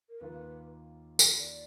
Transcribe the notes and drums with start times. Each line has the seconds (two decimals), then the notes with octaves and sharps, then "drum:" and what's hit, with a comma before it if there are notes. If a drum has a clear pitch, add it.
0.09 A#4
0.21 D#2 D#3 A#3 F4 B4
1.19 drum: tambourine
1.36 D5